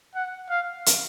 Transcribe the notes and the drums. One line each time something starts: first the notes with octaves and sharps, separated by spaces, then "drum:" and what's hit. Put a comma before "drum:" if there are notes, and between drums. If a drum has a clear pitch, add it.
F#5
F5
drum: hi-hat